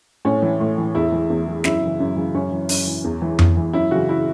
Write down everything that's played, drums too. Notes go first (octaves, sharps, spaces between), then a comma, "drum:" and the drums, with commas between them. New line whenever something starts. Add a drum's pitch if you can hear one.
A2 C#4
E3
A2
E3
E2 E4
E3
E2
E3
F#2 E4, drum: snare
C#3 E3
F#2
C#3 E3
F#2 C#4
E3
F#2, drum: open hi-hat
E3
E2
E3
E2, drum: tom F2
E3
F#2 E4
C#3 E3 F#4
E4